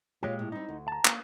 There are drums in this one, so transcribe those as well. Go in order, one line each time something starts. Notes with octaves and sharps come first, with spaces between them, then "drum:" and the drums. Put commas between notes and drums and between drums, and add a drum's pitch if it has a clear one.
A#2 G#3 F4 G4 C#5 F5
A2
G3 C4 D#4
D2
A5 A#5
A#3, drum: clap